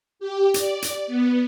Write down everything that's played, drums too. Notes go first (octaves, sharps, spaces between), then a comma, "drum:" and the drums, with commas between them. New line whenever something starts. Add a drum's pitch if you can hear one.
G4
D5, drum: hi-hat
drum: hi-hat
B3